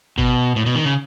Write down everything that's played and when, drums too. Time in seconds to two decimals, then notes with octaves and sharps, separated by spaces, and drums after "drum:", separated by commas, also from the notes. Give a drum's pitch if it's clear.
0.18 B2, drum: kick G#1
0.56 A2
0.66 B2
0.75 D#3
0.84 C#3